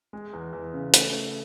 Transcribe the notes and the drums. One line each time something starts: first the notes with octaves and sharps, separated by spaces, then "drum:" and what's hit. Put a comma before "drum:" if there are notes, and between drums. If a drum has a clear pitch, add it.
G#3
E2
E2
C#3
A3, drum: hi-hat
A3